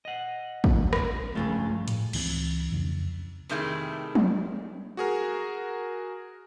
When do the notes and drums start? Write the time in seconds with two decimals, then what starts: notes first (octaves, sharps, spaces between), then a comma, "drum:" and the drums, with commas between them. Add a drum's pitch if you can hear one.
0.05 D#5 F#5
0.64 drum: kick
0.93 drum: rim click
1.35 C#2 G2 C#3 F3 A3 F4
1.88 A2, drum: hi-hat
2.13 C#2 E3 G#3 C4, drum: cymbal
2.72 F2 C#3
3.49 C3 D#3 G3 A3 E4 G#4
4.15 drum: tom F3
4.97 F#4 G#4 A#4